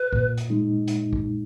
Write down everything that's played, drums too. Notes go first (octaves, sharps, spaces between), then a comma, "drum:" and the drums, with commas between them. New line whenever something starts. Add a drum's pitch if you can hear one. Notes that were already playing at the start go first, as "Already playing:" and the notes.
Already playing: B4
A#2, drum: kick
drum: hi-hat
G#3 D#4
drum: hi-hat
drum: kick